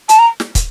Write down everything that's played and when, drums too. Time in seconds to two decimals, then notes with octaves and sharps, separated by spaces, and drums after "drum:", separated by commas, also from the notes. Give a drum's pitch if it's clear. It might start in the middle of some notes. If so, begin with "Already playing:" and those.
0.09 A5, drum: hi-hat
0.19 A#5
0.40 drum: snare
0.55 drum: kick, hi-hat